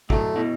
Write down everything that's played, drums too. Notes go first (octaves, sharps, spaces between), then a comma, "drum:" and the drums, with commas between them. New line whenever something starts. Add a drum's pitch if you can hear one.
D3 F#3 A3, drum: kick
B2 E3